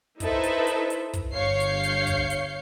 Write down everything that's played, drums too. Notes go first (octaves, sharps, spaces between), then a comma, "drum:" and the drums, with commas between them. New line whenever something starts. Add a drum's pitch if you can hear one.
D#4 E4 A4 B4 C5 E5, drum: kick, hi-hat
drum: hi-hat
drum: hi-hat
drum: hi-hat
drum: kick, hi-hat
G1 C#5 F5 G6 C7 C#7
drum: hi-hat
drum: hi-hat
drum: kick, hi-hat
drum: hi-hat